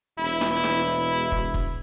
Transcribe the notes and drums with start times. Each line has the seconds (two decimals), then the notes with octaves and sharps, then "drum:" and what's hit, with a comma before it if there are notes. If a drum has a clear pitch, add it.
0.19 E1 E4
0.41 drum: snare
0.64 drum: snare
1.32 drum: kick
1.54 drum: kick